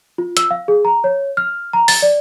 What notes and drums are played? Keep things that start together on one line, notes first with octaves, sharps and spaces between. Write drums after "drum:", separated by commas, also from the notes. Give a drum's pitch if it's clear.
F4
E6, drum: hi-hat
F5
G#4
A#5
C#5
F6
A#5
A6, drum: open hi-hat
D5